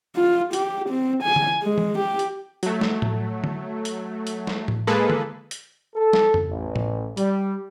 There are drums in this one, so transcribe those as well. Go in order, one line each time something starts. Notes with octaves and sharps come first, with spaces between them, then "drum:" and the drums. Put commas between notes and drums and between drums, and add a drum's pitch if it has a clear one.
F4
G4, drum: hi-hat
C4
G#5
drum: tom D3
G#3
drum: tom E3
G4
drum: hi-hat
F#3 A3, drum: hi-hat
drum: snare
drum: tom A2
drum: tom D3
drum: hi-hat
drum: hi-hat
drum: snare
drum: tom A2
G#3 A#3 G#4 A4 B4
drum: tom D3
drum: hi-hat
A4
drum: snare
drum: tom F2
A1
drum: tom A2
G3, drum: hi-hat